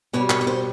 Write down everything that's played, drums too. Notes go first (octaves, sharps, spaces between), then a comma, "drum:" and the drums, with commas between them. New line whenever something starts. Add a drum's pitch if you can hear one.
B2 G3 C#5
C#5, drum: clap
C#5
C5